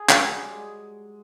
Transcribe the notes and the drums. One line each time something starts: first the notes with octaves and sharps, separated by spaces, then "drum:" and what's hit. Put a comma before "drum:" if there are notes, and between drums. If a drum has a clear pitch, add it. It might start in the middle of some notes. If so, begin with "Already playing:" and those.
Already playing: G#4
F#3, drum: clap
G3
G#3